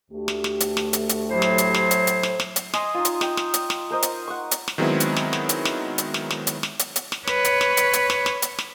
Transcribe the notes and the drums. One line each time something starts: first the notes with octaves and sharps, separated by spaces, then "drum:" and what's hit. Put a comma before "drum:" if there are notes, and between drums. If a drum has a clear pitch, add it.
D2 A3 G4
drum: snare
drum: snare
drum: hi-hat
drum: snare
drum: hi-hat
drum: hi-hat
A2 F#3 C5
drum: snare
drum: hi-hat
drum: snare
drum: hi-hat
drum: hi-hat
drum: snare
drum: snare
drum: hi-hat
D#5 G#5 C6, drum: snare
D#4 F4
drum: hi-hat
D#5 G5, drum: snare
drum: snare
drum: hi-hat
drum: snare
A#4 C5 D#5
drum: hi-hat
F#5 C#6
drum: hi-hat
drum: snare
D#3 F#3 G#3 B3 C4 E4
drum: hi-hat
drum: snare
drum: snare
drum: hi-hat
drum: snare
drum: hi-hat
drum: snare
drum: snare
drum: hi-hat
drum: snare
drum: hi-hat
drum: hi-hat
drum: snare
B4 C#5, drum: snare
drum: hi-hat
drum: snare
drum: hi-hat
drum: hi-hat
drum: snare
drum: snare
drum: hi-hat
drum: snare